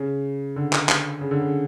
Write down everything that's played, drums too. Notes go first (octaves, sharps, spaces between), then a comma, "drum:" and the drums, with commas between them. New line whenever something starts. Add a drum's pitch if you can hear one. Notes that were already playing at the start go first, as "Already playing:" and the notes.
Already playing: C#3
D3
drum: clap
drum: clap
C#3
D3
C#3